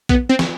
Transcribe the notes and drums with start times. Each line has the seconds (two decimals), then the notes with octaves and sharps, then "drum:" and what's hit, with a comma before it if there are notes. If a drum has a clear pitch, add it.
0.09 B3, drum: kick A#1
0.29 C4
0.39 drum: snare